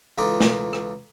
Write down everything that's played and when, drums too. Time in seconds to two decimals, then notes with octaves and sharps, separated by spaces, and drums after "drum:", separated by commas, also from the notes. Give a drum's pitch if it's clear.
0.18 C#2 E3 D#4 F4 A4 D6
0.40 drum: snare
0.73 drum: rim click